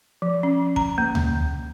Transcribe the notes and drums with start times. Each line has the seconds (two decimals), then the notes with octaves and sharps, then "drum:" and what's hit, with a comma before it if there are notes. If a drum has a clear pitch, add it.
0.22 F3
0.43 C#4
0.76 A#5, drum: kick
0.98 A#3
1.15 drum: tom D2